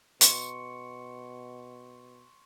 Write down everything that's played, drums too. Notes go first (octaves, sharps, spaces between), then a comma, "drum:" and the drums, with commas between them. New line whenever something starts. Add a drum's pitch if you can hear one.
B2 C6 C#6 C#7, drum: hi-hat